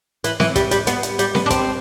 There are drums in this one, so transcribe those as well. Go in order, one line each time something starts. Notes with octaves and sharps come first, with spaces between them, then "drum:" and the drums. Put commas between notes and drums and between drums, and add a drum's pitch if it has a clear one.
E3, drum: hi-hat
E3, drum: snare C4
G3, drum: kick, hi-hat
G3, drum: hi-hat
B3, drum: hi-hat
drum: hi-hat
G3, drum: hi-hat
B3, drum: snare C4
D4
C4, drum: kick, hi-hat